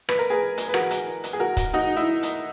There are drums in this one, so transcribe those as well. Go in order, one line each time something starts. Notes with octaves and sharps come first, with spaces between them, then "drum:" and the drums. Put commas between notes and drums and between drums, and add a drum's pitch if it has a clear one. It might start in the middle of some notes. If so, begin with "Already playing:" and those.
B4, drum: rim click
A#4
G#4 B4
drum: hi-hat
B4
F#4 A#4, drum: rim click
drum: hi-hat
drum: hi-hat
G#4
F#4 A#4
drum: kick, hi-hat
D#4 F#4
E4
drum: hi-hat